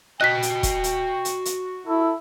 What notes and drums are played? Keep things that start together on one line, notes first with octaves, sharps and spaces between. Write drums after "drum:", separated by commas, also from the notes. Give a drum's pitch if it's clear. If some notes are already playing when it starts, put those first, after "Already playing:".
F#4 D#5 G5 F#6 B6
drum: hi-hat
drum: kick, hi-hat
drum: hi-hat
drum: hi-hat
drum: hi-hat
E4 A4